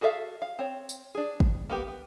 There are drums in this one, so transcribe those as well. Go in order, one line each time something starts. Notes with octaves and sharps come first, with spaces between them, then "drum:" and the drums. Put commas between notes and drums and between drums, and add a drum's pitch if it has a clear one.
F#4 G#4 A4 E5 F5
F5
C4 C#5
drum: tambourine
D4 G#4
drum: kick
A#3 B3 G4
B3